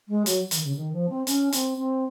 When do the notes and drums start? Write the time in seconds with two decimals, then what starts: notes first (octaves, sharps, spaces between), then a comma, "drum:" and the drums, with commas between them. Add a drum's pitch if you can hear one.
0.08 G#3
0.26 F#3, drum: hi-hat
0.51 D#3, drum: hi-hat
0.64 C#3
0.76 D#3
0.93 F3
1.09 C4
1.27 C#4, drum: hi-hat
1.52 C4, drum: hi-hat
1.78 C4